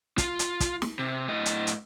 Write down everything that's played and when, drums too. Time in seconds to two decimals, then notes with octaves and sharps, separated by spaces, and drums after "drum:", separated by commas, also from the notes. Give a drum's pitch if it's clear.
0.18 F4, drum: kick, hi-hat
0.39 drum: hi-hat
0.60 drum: kick, hi-hat
0.82 drum: snare
0.99 C3
1.28 A2 D#5
1.46 drum: hi-hat
1.67 drum: hi-hat